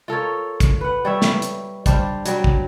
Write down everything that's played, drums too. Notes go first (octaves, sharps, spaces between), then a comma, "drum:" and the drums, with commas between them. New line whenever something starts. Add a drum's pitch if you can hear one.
F4 A4 A#4 C#5
drum: kick, hi-hat
B4 F#5
G3 C#5 E5
drum: snare
drum: hi-hat
G3 D4 C5 F5, drum: kick, hi-hat
F#3 G3 G5, drum: hi-hat
drum: kick